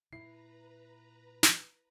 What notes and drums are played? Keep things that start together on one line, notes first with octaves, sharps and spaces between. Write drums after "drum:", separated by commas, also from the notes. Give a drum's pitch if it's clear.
A#2 E4 B4 A#5 C7
drum: snare